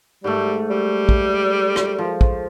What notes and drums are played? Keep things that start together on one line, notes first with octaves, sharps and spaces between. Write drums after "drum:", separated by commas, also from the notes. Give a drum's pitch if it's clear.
G#2 G3 A3
G3
drum: kick
drum: rim click
F3
drum: kick